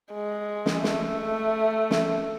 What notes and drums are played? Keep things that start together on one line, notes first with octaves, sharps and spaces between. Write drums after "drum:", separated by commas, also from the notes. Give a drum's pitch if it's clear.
G#3
drum: snare
A3, drum: snare
drum: snare